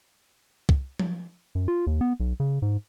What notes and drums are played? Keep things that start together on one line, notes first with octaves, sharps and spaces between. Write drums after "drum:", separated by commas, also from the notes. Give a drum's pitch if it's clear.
drum: kick
drum: tom F3
F#2
F4
D#2
B3
B1
C#3
G#2